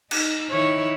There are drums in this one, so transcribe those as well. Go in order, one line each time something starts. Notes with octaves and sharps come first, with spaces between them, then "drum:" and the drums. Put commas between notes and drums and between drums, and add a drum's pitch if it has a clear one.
D#4, drum: cymbal
D#3 E4 C#5